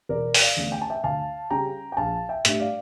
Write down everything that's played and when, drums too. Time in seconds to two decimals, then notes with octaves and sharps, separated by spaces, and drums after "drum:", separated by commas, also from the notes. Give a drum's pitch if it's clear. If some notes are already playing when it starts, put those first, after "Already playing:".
0.09 E1 A#4 D5
0.34 G5, drum: open hi-hat
0.40 D5 F5
0.56 E2 D3 A3 C#4
0.72 G5
0.81 A5
0.90 E5 G5
1.04 D2 F5 A5
1.50 C#3 G3 C#4 G5 A#5
1.92 G5
1.97 A#1 F5 A5
2.29 E5 G5
2.45 A2 G3 D4 E5, drum: hi-hat
2.60 D5 F5